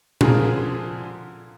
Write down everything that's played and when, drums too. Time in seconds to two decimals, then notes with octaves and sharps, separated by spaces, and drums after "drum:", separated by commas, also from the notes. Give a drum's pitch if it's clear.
0.21 D3 F3 F4 G#4 A#4, drum: tom A#2